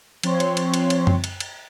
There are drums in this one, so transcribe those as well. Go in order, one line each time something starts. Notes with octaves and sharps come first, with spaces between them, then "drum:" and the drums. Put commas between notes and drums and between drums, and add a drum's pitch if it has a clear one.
F3 C4 C#5 C6, drum: cymbal
drum: cymbal
drum: cymbal
drum: cymbal
drum: cymbal
drum: tom F#2
drum: cymbal
drum: cymbal